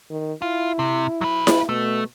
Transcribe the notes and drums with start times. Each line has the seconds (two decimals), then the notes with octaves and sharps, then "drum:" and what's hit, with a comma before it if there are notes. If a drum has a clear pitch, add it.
0.10 D#3
0.42 E4 F4
0.79 C3
1.21 F#3 B4
1.47 drum: snare E4
1.69 B2 A3